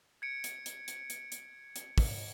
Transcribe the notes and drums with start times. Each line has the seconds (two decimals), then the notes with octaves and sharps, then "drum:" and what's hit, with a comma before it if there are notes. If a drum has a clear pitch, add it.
0.22 G#6 C#7 D7
0.44 drum: hi-hat
0.66 drum: hi-hat
0.88 drum: hi-hat
1.10 drum: hi-hat
1.32 drum: hi-hat
1.76 drum: hi-hat
1.98 drum: kick, open hi-hat